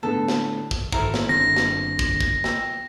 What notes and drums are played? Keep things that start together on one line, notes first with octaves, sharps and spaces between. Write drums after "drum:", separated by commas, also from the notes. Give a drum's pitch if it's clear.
A2 D3 B3 A4
drum: snare
drum: kick
G#1 E4 A4 A#4 C5 E5, drum: kick
drum: snare
F#1 D3 C4 A#6
drum: snare
drum: kick
drum: kick
G5 E6, drum: snare